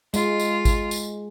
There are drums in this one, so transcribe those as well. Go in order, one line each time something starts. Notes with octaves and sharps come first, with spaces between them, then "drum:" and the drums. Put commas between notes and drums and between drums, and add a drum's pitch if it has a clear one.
G#3 F4, drum: tambourine
drum: tambourine
drum: kick G#1, tambourine
drum: tambourine